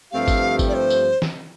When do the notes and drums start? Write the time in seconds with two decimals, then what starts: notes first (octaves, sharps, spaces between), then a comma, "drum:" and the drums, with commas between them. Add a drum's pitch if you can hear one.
0.12 G2 F3 A3 C4 G4 F5
0.28 drum: kick G#1, tambourine
0.59 drum: kick G#1, tambourine
0.68 D5
0.74 C5
0.90 drum: tambourine
1.22 drum: snare